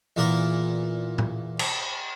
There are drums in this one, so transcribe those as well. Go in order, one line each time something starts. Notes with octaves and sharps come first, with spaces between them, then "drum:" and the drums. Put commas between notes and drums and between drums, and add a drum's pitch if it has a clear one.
E2 A#2 A#3 A#4
drum: tom
drum: cymbal